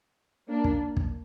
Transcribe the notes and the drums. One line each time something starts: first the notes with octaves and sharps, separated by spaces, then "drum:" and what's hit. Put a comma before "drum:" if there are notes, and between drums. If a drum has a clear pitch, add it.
A#3 D4
drum: kick
drum: kick